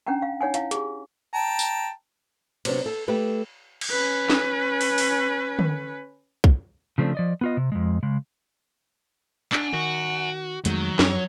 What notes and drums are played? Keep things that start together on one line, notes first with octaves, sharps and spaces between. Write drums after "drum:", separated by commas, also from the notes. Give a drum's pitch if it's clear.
C#4 D4 F#5 G5 A#5
F5
D#4 C#5 F#5 G#5
E4 F5, drum: hi-hat
G4 G#4, drum: hi-hat
G5 A5 A#5
drum: tambourine
C3 F#3 B3 D4, drum: cymbal
A4
A3 G4 B4
drum: cymbal
C#4 B4
drum: snare
drum: open hi-hat
drum: open hi-hat
drum: tom D3
drum: kick
C#3 F3 A3 C4 D4
F3 D5 D#5
B3 F4 D#5
C3
F2 C#3 G#3
C#3 G#3
D4 F#5 G#5, drum: clap
D#3 F#4
F2 D#3 F#3 G#3 A3, drum: hi-hat
F#2 F3 C#5, drum: snare